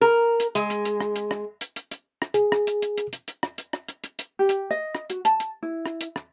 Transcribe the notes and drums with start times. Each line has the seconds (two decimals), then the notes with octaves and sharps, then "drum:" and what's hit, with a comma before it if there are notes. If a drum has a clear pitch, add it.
0.01 A#4
0.40 drum: hi-hat
0.55 G#3, drum: hi-hat
0.70 drum: hi-hat
0.85 drum: hi-hat
1.00 drum: rim click
1.16 drum: hi-hat
1.31 drum: rim click
1.61 drum: hi-hat
1.76 drum: hi-hat
1.91 drum: hi-hat
2.22 drum: rim click
2.34 G#4, drum: hi-hat
2.52 drum: rim click
2.67 drum: hi-hat
2.82 drum: hi-hat
2.98 drum: hi-hat
3.13 drum: hi-hat
3.28 drum: hi-hat
3.43 drum: rim click
3.58 drum: hi-hat
3.73 drum: rim click
3.88 drum: hi-hat
4.04 drum: hi-hat
4.19 drum: hi-hat
4.39 G4
4.49 drum: hi-hat
4.71 D#5
4.95 drum: rim click
5.10 F#4, drum: hi-hat
5.25 A5, drum: hi-hat
5.40 drum: hi-hat
5.63 E4
5.86 drum: rim click
6.01 drum: hi-hat
6.16 drum: rim click